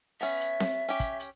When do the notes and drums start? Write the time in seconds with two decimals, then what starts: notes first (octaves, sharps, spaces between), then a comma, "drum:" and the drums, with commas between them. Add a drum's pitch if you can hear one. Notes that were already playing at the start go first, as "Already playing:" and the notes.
0.21 B3 C#4 E5, drum: open hi-hat
0.41 drum: hi-hat
0.60 drum: snare C4
0.89 C#4 G4
1.00 drum: kick, hi-hat
1.20 drum: hi-hat